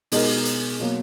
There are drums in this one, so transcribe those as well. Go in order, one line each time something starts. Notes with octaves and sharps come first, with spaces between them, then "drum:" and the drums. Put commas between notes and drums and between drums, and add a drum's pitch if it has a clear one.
B2 G#3 D#4 A#4, drum: open hi-hat
drum: hi-hat
B2 F#3 A#3